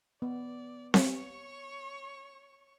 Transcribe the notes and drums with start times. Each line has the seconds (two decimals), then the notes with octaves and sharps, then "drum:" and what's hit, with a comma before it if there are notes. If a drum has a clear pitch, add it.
0.22 B3 D5
0.94 C#5 C#6, drum: snare C4